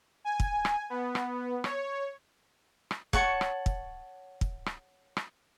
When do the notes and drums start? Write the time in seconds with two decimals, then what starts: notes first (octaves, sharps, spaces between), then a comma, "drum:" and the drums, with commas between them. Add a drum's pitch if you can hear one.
0.25 G#5
0.40 drum: kick
0.65 drum: rim click
0.90 B3
1.15 drum: rim click
1.64 C#5, drum: rim click
2.91 drum: rim click
3.13 C#5 F#5 A5 C#6, drum: kick
3.41 drum: rim click
3.66 drum: kick
4.41 drum: kick
4.66 drum: rim click
5.17 drum: rim click